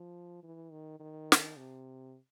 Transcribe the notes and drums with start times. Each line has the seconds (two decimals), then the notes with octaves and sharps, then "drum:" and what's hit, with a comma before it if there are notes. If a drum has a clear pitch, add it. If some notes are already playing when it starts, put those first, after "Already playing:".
Already playing: F3
0.43 E3
0.72 D#3
1.00 D#3
1.32 drum: snare
1.57 C3